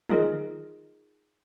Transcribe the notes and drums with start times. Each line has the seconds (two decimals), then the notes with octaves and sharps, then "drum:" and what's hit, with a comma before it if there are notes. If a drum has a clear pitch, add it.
0.09 D#4 F4 G#4 A#4 D#5, drum: tom